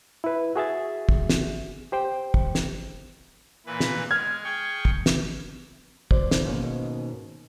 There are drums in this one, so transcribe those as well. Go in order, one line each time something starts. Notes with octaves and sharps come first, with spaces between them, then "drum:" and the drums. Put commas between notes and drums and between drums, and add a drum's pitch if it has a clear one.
E4 B4
F#4 G#4 E5 A6
drum: kick
drum: snare
G4 C5 G5
drum: kick
drum: snare
A#2 E3 B4
drum: snare
G#3 F6 G#6
G#4 G5 C#6
drum: kick
drum: snare
F#4 C5 D5, drum: kick
drum: snare
G#2 B2 D#3 G#3 A#3 C#4